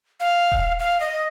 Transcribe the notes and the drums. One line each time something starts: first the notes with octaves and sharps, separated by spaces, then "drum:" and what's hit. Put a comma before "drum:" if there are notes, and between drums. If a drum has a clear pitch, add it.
F5
drum: kick D#1
F5
D#5